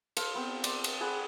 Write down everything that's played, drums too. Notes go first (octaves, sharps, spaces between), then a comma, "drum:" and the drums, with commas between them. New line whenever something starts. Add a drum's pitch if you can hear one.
A4 C5 F5, drum: cymbal
B3 C4
D5 C6, drum: cymbal
drum: cymbal
G#4 F#5 G5 B5